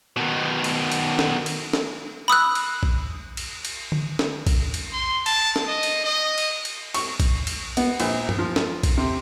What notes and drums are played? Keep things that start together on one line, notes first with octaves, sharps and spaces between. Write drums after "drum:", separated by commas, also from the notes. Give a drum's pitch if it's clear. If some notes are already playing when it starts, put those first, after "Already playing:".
B2 D#3
drum: cymbal
drum: cymbal
drum: snare
drum: cymbal
drum: snare
B5 D#6 E6 F#6
drum: cymbal
drum: kick A#1
drum: cymbal
drum: cymbal
drum: tom D3
drum: snare
drum: kick A#1, cymbal
drum: cymbal
C6
A5, drum: cymbal
drum: snare
D#5
drum: cymbal
D#5
drum: cymbal
drum: cymbal
C#6, drum: cymbal
drum: kick A#1, cymbal
drum: cymbal
B3, drum: cymbal
A#1, drum: cymbal
drum: tom G2
F3
drum: snare
drum: kick A#1, cymbal
C3